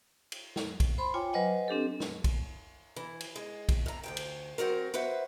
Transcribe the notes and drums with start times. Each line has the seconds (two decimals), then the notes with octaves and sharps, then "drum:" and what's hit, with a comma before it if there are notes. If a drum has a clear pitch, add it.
0.32 drum: cymbal
0.56 drum: snare
0.80 drum: kick, cymbal
0.98 C5 B5 C6
1.14 F4 C#5 G5 G#5 D6
1.33 F#3 B4 C5 D#5 F#5 G#5
1.68 C4 D4 G4 A4
2.00 drum: snare
2.24 drum: kick, cymbal
2.96 E3
3.20 drum: cymbal
3.36 G#3
3.69 drum: kick, cymbal
3.86 A2 A#5
4.03 D2 G#2 G5
4.17 drum: cymbal
4.58 F#3 C4 F#4 A#4
4.94 F#4 B4 C5 E5